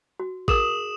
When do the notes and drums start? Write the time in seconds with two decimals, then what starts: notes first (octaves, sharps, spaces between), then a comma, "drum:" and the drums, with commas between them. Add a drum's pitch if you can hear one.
0.20 F#4
0.48 G#4 A#4 D#6 E7 F#7, drum: kick G#1